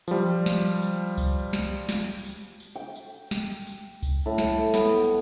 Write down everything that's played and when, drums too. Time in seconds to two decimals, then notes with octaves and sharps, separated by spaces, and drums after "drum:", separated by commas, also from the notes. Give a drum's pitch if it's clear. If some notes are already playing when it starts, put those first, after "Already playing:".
0.08 F3 G3, drum: tambourine
0.46 drum: snare
0.82 drum: tambourine
1.17 drum: kick C2, tambourine
1.53 drum: snare
1.89 drum: snare
2.24 drum: tambourine
2.60 drum: tambourine
2.76 G5
2.96 drum: tambourine
3.31 drum: snare
3.67 drum: tambourine
4.03 drum: kick C2, tambourine
4.26 A2
4.38 drum: snare
4.74 B3, drum: snare